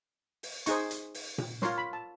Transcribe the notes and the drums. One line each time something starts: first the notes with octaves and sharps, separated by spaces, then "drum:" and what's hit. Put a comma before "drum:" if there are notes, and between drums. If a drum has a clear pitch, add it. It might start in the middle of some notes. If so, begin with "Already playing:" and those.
drum: open hi-hat
D#4 G#4 C5 C#6, drum: hi-hat
drum: hi-hat
drum: open hi-hat
drum: tom A#2
F4 A#4 C#5 C6, drum: snare
B5
A5